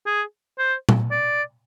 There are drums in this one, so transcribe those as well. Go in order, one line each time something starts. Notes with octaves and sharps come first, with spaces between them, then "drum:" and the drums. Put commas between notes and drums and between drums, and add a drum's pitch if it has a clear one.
G#4
C5
drum: tom A#2
D5